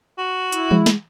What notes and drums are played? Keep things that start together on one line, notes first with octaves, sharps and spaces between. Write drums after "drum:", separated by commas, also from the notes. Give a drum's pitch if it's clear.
F#4
E4, drum: hi-hat
G#3, drum: tom E3
drum: snare